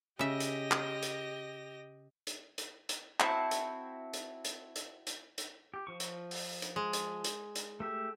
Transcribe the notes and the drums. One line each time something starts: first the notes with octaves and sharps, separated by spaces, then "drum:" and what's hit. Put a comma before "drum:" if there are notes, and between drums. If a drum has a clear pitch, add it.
C#3 G4 D#5 E5 A#6
drum: hi-hat
drum: clap
drum: hi-hat
drum: hi-hat
drum: hi-hat
drum: hi-hat
C4 E4 F#4 A5, drum: clap
drum: hi-hat
drum: hi-hat
drum: hi-hat
drum: hi-hat
drum: hi-hat
drum: hi-hat
G4
F3 C#6
drum: hi-hat
drum: open hi-hat
drum: hi-hat
G#3
drum: hi-hat
drum: hi-hat
drum: hi-hat
A3 G4 E5